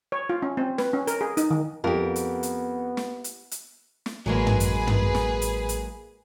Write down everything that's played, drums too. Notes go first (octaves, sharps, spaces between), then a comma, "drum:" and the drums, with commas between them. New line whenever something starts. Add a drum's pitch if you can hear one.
C#5
F4
C#4
C4
B4, drum: snare
C#4
A#4, drum: hi-hat
G#4
D#4, drum: hi-hat
D#3
F2 B3 G4 A#4
drum: hi-hat
drum: hi-hat
drum: snare
drum: hi-hat
drum: hi-hat
drum: snare
A1 F#3 G#3 A#3 G#4 B4
drum: tom
drum: hi-hat
drum: tom
drum: snare
drum: hi-hat
drum: hi-hat